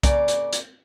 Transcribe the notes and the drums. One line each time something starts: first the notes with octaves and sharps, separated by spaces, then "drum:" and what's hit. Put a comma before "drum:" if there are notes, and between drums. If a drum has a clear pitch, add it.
C#3 A#3 D5, drum: kick C2, hi-hat
drum: hi-hat
drum: hi-hat